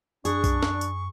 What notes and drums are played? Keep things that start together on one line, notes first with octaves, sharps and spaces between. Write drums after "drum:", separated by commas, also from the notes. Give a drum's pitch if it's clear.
F#2 D4 G#4 C#6, drum: tambourine
drum: kick B1, tambourine
drum: snare
drum: tambourine